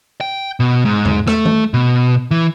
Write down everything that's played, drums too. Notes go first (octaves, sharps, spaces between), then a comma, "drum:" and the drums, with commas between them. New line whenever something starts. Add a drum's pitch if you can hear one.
G5
B2
G#2
drum: tom E2
A3, drum: rim click
drum: tom D#3
B2
E3